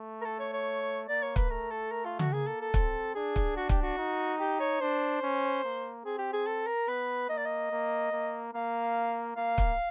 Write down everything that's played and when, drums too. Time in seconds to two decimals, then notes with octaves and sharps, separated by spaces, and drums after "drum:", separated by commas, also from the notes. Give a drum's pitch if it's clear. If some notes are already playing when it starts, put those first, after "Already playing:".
Already playing: A3
0.21 A#4
0.26 A4
0.39 C#5
0.53 C#5
1.08 A#3 D5
1.22 C#5
1.36 B4, drum: kick
1.50 A3 A#4
1.71 A4
1.91 A#4
2.05 F4
2.19 F#4, drum: tom C#3
2.32 A#3 G#4
2.47 A4
2.61 A4
2.74 C4, drum: kick
3.15 D4 G#4
3.36 drum: kick
3.57 F#4
3.69 G4, drum: kick
3.82 F#4
3.98 D#4
4.39 G4
4.60 C#5
4.81 D4 C5
5.22 C#4
5.64 A#3
6.05 C4 G#4
6.18 G4
6.33 G#4
6.47 A4
6.67 A#4
6.88 B3 B4
7.29 A#3 D#5
7.37 D5
7.45 D#5
7.71 A#3
8.12 A#3
8.53 A#3 F5
9.36 A#3 F5
9.58 drum: kick